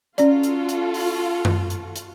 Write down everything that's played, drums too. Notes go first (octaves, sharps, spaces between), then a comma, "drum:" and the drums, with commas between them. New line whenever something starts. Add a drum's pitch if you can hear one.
C#4 F4 F#4 A4 D5, drum: hi-hat
drum: hi-hat
drum: hi-hat
drum: open hi-hat
drum: tom F#2
drum: hi-hat
drum: hi-hat